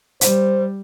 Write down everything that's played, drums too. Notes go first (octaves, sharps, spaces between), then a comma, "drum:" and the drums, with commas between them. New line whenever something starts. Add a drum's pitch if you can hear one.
G3 C5, drum: hi-hat